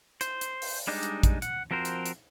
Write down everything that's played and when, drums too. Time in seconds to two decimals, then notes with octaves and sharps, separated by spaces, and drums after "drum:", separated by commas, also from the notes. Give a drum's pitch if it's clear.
0.21 C5, drum: hi-hat
0.41 drum: hi-hat
0.62 drum: open hi-hat
0.87 G3 G#3 D4 D#4
1.03 drum: hi-hat
1.23 drum: kick, hi-hat
1.42 F#5, drum: hi-hat
1.71 F3 C4 F#4 A#4 C5
1.85 drum: hi-hat
2.06 drum: hi-hat